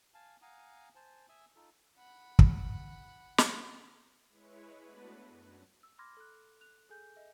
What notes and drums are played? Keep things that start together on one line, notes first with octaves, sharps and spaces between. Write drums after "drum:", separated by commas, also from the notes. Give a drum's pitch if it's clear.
F5 G#5 A5
F5 F#5 G#5 A#5 D#6
C5 G#5 A5
E5 G#5 D#6 E6
D#4 F4 A4
F#5 B5
drum: kick
drum: snare
G#3 E4 B4 C#5
A3 B3 D4 F#4 B4
F#2
E6
B5 C6 D6 F6 G#6 A#6
A4 F#6
F#6 F7
G#4 A4 G#5 G6
A4 D#5 E5